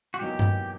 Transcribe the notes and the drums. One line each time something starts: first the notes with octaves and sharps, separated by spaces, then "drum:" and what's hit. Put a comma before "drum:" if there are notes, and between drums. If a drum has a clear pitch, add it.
F#4
E2 B2 F#3 A#3 D#4 G4
drum: tom G2